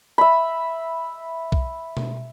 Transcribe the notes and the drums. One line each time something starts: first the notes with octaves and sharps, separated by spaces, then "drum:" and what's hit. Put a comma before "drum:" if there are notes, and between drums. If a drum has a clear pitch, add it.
E5 B5
drum: kick B1
drum: tom B2